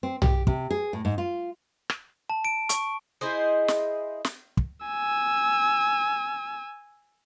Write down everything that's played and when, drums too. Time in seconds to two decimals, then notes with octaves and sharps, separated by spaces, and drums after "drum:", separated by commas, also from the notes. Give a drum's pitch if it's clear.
0.03 C4
0.22 G4, drum: tom
0.47 C3, drum: kick
0.70 G#4
0.93 A2
1.05 G#2
1.18 F4
1.90 drum: rim click
2.30 A5
2.45 D7
2.69 C#6, drum: hi-hat
3.21 E4 G#4 C5 D#5
3.68 drum: snare
4.25 drum: snare
4.57 drum: kick
4.86 G#5 E6